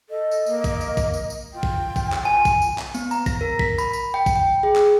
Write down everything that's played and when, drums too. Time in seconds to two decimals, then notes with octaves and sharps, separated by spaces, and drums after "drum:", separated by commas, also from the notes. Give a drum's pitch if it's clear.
0.09 A4 D#5
0.31 drum: tambourine
0.46 A#3, drum: tambourine
0.64 drum: kick A1, tambourine
0.81 drum: tambourine
0.97 drum: kick A1, tambourine
1.14 drum: tambourine
1.30 drum: tambourine
1.53 F4 G5
1.63 drum: kick A1
1.86 F4
1.96 drum: kick A1, tambourine
2.12 drum: clap
2.25 G#5
2.45 drum: kick A1, tambourine
2.62 drum: tambourine
2.78 drum: clap
2.95 B3, drum: tambourine
3.11 A#5, drum: tambourine
3.26 A#6, drum: kick A1, tambourine
3.41 A#4
3.59 B6, drum: kick A1
3.78 B5, drum: tambourine
3.93 drum: tambourine
4.14 G5
4.26 drum: kick A1, tambourine
4.36 G5
4.63 G#4
4.76 drum: clap